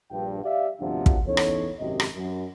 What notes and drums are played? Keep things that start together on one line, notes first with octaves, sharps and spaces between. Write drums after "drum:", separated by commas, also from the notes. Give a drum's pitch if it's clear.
A#1 G2 G5
G4 D5 E5 F5
G1 D2 C3 F3 D4 F#5
drum: kick
E2 C#4 D#4 A4 C#5
drum: rim click
G#1 F#2 C3 G4 D#5
drum: rim click
F#2